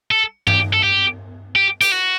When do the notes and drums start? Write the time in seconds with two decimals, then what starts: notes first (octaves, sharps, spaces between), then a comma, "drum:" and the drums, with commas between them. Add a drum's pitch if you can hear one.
0.11 A4
0.47 G4, drum: tom G2
0.73 A4
0.83 G4
1.56 G4
1.81 G4, drum: hi-hat
1.92 F#4